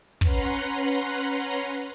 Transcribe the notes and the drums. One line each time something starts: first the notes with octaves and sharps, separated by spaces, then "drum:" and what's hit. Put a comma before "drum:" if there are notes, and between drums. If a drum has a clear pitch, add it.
C#4 B4 F#5 A#5 C6, drum: kick